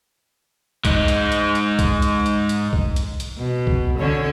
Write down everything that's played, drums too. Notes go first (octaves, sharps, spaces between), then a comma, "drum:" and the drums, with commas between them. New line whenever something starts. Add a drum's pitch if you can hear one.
G#2 D#4, drum: kick B1, hi-hat
drum: hi-hat
drum: hi-hat
drum: hi-hat
drum: kick B1, hi-hat
drum: hi-hat
drum: hi-hat
drum: hi-hat
drum: kick B1
drum: hi-hat
drum: hi-hat
B2
drum: kick B1
D3 C#4 C#5